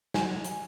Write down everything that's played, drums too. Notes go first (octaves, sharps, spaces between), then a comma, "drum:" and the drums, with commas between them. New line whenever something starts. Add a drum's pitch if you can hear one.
F#3 G#5, drum: snare
drum: hi-hat